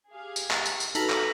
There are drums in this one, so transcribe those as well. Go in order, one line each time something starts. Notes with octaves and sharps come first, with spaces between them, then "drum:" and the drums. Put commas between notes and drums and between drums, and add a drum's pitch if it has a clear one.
G4 G#4 F5
drum: tambourine
drum: clap
drum: tambourine
drum: tambourine
D#4 F#4 A4 B4 A#5 F6 B6 F#7, drum: tambourine
drum: clap